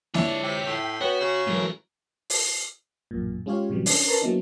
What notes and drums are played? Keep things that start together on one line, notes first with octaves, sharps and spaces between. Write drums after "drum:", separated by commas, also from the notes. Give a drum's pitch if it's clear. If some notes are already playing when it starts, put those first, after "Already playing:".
D4 E4 F4 C#5 E5, drum: snare A#3
C3 G5 B6
A2
B3 F#4 C#5
C#3
G#2 E3 F#3 A3 A#4
drum: open hi-hat
A1 F#2 A#2
G#3 C#4 F4 G4 C#5 F5
A2 C3 E3 F#3 G3
C#4 D4, drum: open hi-hat
A#4 B4 C#5 A5 A#5
F#3 A#3 B3 C#4 D#4 E4